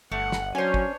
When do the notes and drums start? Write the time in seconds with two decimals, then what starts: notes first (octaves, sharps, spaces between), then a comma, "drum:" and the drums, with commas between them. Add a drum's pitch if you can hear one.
0.12 G1 A3 F#5
0.32 drum: snare
0.55 F#3 C#4 D4 C5 C#5 G#5
0.74 drum: kick